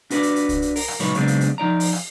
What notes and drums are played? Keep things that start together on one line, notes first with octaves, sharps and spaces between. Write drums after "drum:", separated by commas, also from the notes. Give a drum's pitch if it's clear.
D4 F#4 B4 C5 D5, drum: hi-hat
drum: hi-hat
drum: hi-hat
drum: kick C2, hi-hat
drum: hi-hat
A#4, drum: open hi-hat
drum: rim click
C#2 A#2 F#3 D#4 B4 C#5, drum: hi-hat
C#3 F#3 G#3 B3 C4 D4, drum: hi-hat
drum: hi-hat
drum: hi-hat
F3 D#4 D5 A#5
drum: open hi-hat
drum: rim click